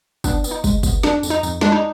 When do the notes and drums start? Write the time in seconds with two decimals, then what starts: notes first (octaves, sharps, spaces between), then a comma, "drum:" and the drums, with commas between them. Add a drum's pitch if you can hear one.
0.24 B3 D4, drum: kick, tambourine
0.44 B3, drum: tambourine
0.51 D#4
0.64 G#3, drum: kick, tambourine
0.83 B3, drum: kick, tambourine
1.03 F2 D4, drum: snare
1.23 F2, drum: tambourine
1.30 D#4
1.43 F2, drum: tambourine
1.61 G#3 D4, drum: snare
1.72 D#4